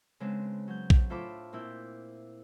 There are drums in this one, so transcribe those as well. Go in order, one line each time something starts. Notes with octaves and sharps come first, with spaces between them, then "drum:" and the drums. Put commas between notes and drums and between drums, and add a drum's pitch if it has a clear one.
C#3 G#3 B3 C4 D4
F#3 G6
drum: kick A#1
A2 F4 A4 C5 B5 D6
A#2 C4 E4 G6